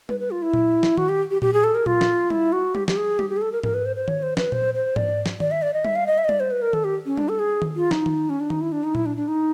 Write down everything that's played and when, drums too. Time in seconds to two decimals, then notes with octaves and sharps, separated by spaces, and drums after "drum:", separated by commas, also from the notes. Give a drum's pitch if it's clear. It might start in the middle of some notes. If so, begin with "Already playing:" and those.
0.09 B4, drum: tom G3
0.20 B4
0.31 F4
0.42 E4
0.53 drum: tom A#2
0.83 drum: snare
0.98 F#4, drum: tom D#3
1.09 G4
1.31 G4
1.42 G4, drum: tom A#2
1.53 G#4
1.64 A4
1.75 A#4
1.86 F4, drum: tom A#2
2.01 drum: snare
2.30 E4, drum: tom G3
2.52 F#4
2.75 G4, drum: tom G3
2.88 G4, drum: snare
2.97 G#4
3.19 G4, drum: tom G3
3.30 G4
3.37 G#4
3.42 A4
3.52 A#4
3.63 A#4, drum: tom G#2
3.74 B4
3.86 C5
3.96 C5
4.08 C#5, drum: tom D#3
4.23 C5
4.37 B4, drum: snare
4.52 C5, drum: tom A#2
4.74 C5
4.96 D5, drum: tom G#2
5.26 drum: snare
5.40 D5, drum: tom D#3
5.51 E5
5.62 D5
5.74 D#5
5.85 E5, drum: tom G3
5.96 F5
6.07 D#5
6.18 E5
6.25 D#5
6.29 D5, drum: tom G3
6.40 C5
6.51 B4
6.62 A#4
6.73 A4, drum: tom D#3
6.84 G4
7.06 C#4
7.17 D4, drum: tom G3
7.29 A4
7.39 G#4
7.62 drum: tom D#3
7.76 F4
7.91 D#4, drum: snare
8.06 drum: tom D#3
8.30 C#4
8.40 D4
8.50 D#4, drum: tom D#3
8.61 E4
8.72 D4
8.84 D#4
8.95 E4, drum: tom A#2
9.06 D4
9.17 D4
9.28 D#4